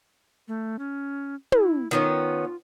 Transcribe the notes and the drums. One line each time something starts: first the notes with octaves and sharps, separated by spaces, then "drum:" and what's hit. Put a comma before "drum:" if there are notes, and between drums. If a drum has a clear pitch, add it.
A3
C#4
E4, drum: tom
D#3 B3 C#4 F4